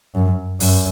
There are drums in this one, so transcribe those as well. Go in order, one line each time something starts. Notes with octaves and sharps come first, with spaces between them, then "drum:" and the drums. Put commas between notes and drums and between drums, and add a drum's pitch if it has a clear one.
F#2
F#2, drum: open hi-hat